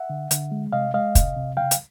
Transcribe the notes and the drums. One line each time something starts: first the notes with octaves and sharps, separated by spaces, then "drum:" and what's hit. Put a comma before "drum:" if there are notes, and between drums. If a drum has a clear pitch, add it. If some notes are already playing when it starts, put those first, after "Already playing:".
Already playing: E5 F#5
D3
D3, drum: hi-hat
G#3
C3 D#5 F5
G#3 D#5 F5
C3, drum: kick, hi-hat
C3
C#3 F5 G5
drum: hi-hat